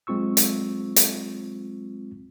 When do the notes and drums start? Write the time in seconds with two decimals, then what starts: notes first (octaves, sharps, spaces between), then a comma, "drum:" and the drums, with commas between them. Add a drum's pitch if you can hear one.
0.07 F#3 G#3 C4 F4 C#6 E6
0.37 drum: hi-hat
0.96 drum: hi-hat